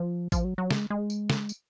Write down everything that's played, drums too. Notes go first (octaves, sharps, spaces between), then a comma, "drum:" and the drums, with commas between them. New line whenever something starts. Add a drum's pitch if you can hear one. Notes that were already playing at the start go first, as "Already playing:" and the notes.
Already playing: F3
F3, drum: kick, tambourine
F#3
F#3
G#3, drum: snare
G#3
drum: tambourine
drum: snare
drum: tambourine